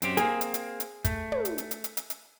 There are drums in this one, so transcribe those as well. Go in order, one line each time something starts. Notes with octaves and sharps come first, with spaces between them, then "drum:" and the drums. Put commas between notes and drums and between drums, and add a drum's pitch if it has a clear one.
F#2 C4 G4, drum: hi-hat
A#3 C4 G#4, drum: hi-hat
drum: hi-hat
drum: hi-hat
drum: hi-hat
A3, drum: kick, hi-hat
drum: tom
drum: hi-hat
drum: hi-hat
drum: hi-hat
drum: hi-hat
drum: hi-hat
drum: hi-hat